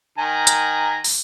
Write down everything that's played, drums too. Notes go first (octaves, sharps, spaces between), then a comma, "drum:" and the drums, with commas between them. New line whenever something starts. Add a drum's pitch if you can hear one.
D#3 G#5 A#5
drum: hi-hat
drum: open hi-hat